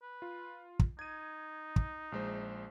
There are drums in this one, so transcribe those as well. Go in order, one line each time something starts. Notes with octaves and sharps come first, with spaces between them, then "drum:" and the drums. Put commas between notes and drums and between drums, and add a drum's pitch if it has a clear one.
B4
F4
drum: kick
D#4 G#6 D#7
drum: kick
A#1 G#3 C5